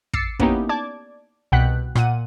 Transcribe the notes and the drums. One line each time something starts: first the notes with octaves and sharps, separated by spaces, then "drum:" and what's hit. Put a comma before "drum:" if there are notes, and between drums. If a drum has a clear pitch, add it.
D6 E6 A6 C7 C#7, drum: kick
A#3 B3 C#4 D#4 E4 G4, drum: kick
D5 A5 D6 G#6
C2 B2 F#5 G5 F#6 B6
A#2 F#5 D#7, drum: rim click